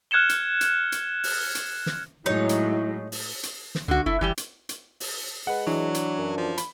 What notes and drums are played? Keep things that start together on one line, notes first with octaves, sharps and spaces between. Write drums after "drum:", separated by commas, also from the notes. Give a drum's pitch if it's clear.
F6 F#6 G#6 C#7 E7 G7
drum: hi-hat
drum: hi-hat
drum: hi-hat
drum: open hi-hat
drum: hi-hat
drum: snare
A2 F#3 G#3 D#4 E4 C#5
drum: hi-hat
drum: open hi-hat
drum: hi-hat
drum: snare
C#2 D3 F#4
F#1 A3 E4
F#1 E3 G3 G4
drum: hi-hat
drum: hi-hat
drum: open hi-hat
G#3 B4 F#5
E3 F#3 D4
drum: hi-hat
F#2
F3
B5, drum: hi-hat